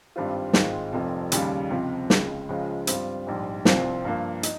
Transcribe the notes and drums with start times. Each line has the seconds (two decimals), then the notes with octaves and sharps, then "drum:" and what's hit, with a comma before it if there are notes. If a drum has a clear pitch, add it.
0.16 G#1 G2 G3 C4 F4
0.53 G#2 D#3 G#3 C4 F4, drum: snare
0.93 F1 F2 C3 F3
1.32 D#2 C#3 G3, drum: hi-hat
1.71 C#2 C3 F3
2.10 C#2 C#3 G#3, drum: snare
2.49 C#2 C#3 F3 G#3
2.87 G2 G3 C4 F4, drum: hi-hat
3.27 A#1 G#2 G3
3.65 C2 C3 F3 C4 F4, drum: snare
4.05 G2 F3 A#3
4.43 D#4, drum: hi-hat